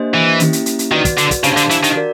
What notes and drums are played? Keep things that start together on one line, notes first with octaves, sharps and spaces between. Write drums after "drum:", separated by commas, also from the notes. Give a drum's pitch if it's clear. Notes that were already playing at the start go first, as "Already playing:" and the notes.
Already playing: A#3 D4 G4 C5 D#5
E3
A#3 C#4 E4 G4, drum: hi-hat
drum: hi-hat
drum: hi-hat
drum: hi-hat
D#3 F#4 B4 D5
drum: kick, hi-hat
D3, drum: hi-hat
drum: kick, hi-hat
C#3 D4 G4 C5 F5 A5, drum: hi-hat
D3, drum: hi-hat
E3, drum: hi-hat
D#3, drum: hi-hat
F#4 A#4 D5